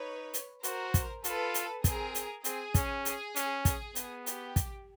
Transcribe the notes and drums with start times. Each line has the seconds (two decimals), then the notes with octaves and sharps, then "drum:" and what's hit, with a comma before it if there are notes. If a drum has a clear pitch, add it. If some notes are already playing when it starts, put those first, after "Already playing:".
Already playing: D#4 B4 C#5
0.34 drum: hi-hat
0.63 F#4 A#4 C5, drum: hi-hat
0.94 drum: kick, hi-hat
1.24 F4 A4 B4, drum: hi-hat
1.54 drum: hi-hat
1.84 C4 G#4 A#4, drum: kick, hi-hat
2.15 drum: hi-hat
2.44 C4 G#4, drum: hi-hat
2.74 C#4, drum: kick, hi-hat
3.05 G#4, drum: hi-hat
3.36 C#4, drum: hi-hat
3.65 G#4, drum: kick, hi-hat
3.95 B3, drum: hi-hat
4.26 G4, drum: hi-hat
4.56 drum: kick, hi-hat